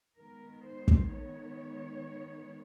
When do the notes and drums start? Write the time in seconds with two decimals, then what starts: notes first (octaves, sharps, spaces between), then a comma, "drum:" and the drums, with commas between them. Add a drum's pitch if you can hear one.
0.17 D#3 G#3 B3 A#4
0.64 C5
0.88 drum: kick
1.11 C#5